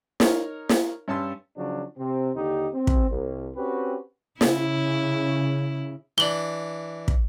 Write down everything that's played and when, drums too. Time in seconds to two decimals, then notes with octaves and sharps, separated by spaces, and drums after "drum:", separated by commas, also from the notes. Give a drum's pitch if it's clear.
0.20 D#4 A#4 C#5, drum: snare
0.69 drum: snare
1.08 G2 C#4 A5 C6 E6
1.57 C#3 F3 F#3 C#4 D4
1.99 C3 C4
2.36 D#2 D3 D#4 G4
2.74 C4
2.87 drum: kick
3.10 C2
3.56 C4 C#4 F#4 G4 B4
4.41 C#3 E4, drum: snare
6.18 E3 D4 F#7 G7
7.08 drum: kick